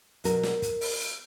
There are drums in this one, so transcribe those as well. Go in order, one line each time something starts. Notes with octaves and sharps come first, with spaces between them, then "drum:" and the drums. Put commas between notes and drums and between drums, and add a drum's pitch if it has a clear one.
B2 F#3 A#4, drum: hi-hat
drum: snare
drum: kick, hi-hat
drum: open hi-hat
drum: hi-hat